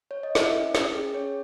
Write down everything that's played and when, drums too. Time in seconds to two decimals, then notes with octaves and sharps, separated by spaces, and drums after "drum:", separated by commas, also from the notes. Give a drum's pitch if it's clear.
0.11 C#5
0.23 D#5
0.35 E4 E5, drum: snare
0.55 C#4
0.75 C#4, drum: snare
0.95 G#4
1.14 C#4 C#5